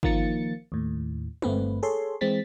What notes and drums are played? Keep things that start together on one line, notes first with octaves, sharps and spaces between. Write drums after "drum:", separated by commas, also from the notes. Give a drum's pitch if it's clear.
D#3 F3 A#3 A6 C#7, drum: kick G1
D#2 A2
G1 A3 C4 B4, drum: tom
G#4 A4 C#5 C6
E3 G#3 C4 A6 B6